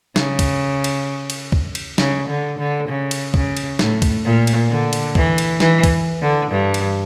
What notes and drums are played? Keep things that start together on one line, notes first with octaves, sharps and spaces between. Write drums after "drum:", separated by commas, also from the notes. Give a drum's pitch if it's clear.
C#3, drum: snare
drum: kick, cymbal
drum: cymbal
drum: cymbal
drum: kick
drum: cymbal
C#3, drum: snare
D3
D3
C#3
drum: cymbal
C#3, drum: kick
drum: cymbal
A2, drum: snare
drum: kick, cymbal
A#2
drum: cymbal
D3
drum: cymbal
E3, drum: kick
drum: cymbal
E3, drum: snare
drum: kick, cymbal
D3
G2
drum: cymbal